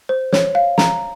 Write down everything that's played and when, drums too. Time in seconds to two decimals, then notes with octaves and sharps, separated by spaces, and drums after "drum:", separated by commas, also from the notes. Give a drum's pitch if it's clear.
0.09 C5
0.33 C#5, drum: snare
0.55 F5
0.78 A#5, drum: snare